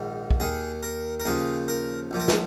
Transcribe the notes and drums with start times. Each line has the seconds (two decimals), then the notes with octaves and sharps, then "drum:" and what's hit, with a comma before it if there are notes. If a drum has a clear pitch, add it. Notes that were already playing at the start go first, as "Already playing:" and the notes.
Already playing: A#1 G#2 D#3
0.30 drum: kick
0.40 D#2 D#3 G#4
0.83 A#4
1.20 A#4
1.25 D#2 C#3 F3 G#4
1.68 A#4
2.11 A#1 A#2 F3
2.20 A#4
2.28 G#4, drum: snare